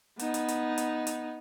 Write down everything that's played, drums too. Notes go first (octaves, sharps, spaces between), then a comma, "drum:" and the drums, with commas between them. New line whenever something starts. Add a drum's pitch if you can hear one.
B3 D#4, drum: hi-hat
drum: hi-hat
drum: hi-hat
drum: hi-hat
drum: hi-hat